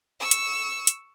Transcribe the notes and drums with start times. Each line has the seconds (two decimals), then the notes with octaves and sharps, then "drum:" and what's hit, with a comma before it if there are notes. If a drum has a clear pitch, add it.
0.20 C#6 E6
0.31 drum: hi-hat
0.87 drum: hi-hat